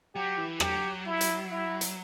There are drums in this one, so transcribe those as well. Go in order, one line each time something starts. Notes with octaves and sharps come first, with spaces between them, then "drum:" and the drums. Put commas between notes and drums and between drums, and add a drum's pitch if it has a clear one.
F#3 G4
E3
F#3 G4, drum: rim click
E4
drum: hi-hat
E4
drum: hi-hat